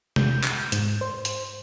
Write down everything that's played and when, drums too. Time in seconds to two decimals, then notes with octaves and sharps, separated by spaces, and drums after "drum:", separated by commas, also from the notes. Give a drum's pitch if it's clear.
0.16 G6, drum: tom C3
0.43 drum: clap
0.72 G#2, drum: hi-hat
1.01 C5
1.25 drum: hi-hat